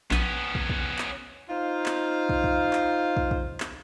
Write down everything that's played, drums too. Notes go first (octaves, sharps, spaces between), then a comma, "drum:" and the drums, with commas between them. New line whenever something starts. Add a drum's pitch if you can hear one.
A#1 B3 C#4, drum: clap
drum: kick
drum: kick
drum: clap
D#4 F4 C5 F5
drum: clap
drum: kick
drum: kick
drum: clap
drum: kick
drum: kick
drum: clap